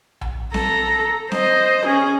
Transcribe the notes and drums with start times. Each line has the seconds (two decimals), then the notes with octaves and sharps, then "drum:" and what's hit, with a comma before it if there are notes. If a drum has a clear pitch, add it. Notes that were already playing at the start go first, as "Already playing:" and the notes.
0.21 drum: tom A#1
0.54 A4 A#5, drum: snare C4
1.32 C5 D#5, drum: snare C4
1.86 C#4 G#4